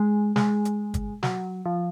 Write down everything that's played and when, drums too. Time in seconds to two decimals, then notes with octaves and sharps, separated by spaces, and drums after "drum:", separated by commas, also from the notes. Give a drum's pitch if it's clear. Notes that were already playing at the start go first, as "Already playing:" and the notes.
Already playing: G#3
0.36 G#3, drum: snare
0.65 drum: hi-hat
0.94 drum: kick G1, hi-hat
1.23 F#3, drum: snare
1.66 F3